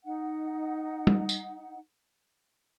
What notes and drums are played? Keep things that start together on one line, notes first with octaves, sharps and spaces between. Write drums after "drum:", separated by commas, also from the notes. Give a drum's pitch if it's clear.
D#4 F#5
drum: tom G3
drum: tambourine